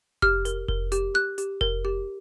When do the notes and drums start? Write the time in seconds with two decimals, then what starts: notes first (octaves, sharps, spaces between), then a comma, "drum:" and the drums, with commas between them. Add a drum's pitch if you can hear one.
0.22 G4 F6, drum: kick F1
0.45 A#4, drum: hi-hat
0.68 A#4, drum: kick F1
0.92 G4, drum: hi-hat
1.15 G4 F#6
1.38 G4, drum: hi-hat
1.61 A#4, drum: kick F1
1.85 G4